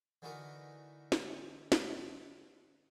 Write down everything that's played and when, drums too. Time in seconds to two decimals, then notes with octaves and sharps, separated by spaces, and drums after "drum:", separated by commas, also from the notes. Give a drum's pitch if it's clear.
0.22 D3 E3 A3 D#4 F#4 A#4
1.12 drum: snare
1.72 drum: snare